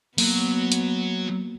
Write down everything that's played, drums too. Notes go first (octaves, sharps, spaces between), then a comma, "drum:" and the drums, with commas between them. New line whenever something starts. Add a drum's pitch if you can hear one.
F#3 A#3 B3, drum: open hi-hat
drum: hi-hat